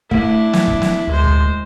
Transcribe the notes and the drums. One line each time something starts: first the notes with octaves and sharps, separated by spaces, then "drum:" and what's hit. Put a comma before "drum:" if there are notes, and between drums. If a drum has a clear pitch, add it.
A3 D4 E4, drum: kick
drum: snare
drum: kick
drum: snare
D2 G#3 C5
drum: kick